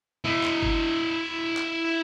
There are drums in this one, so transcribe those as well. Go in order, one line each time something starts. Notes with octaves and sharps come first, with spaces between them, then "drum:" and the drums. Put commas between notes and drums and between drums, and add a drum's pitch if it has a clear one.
E4 D#5
drum: clap
drum: kick
drum: clap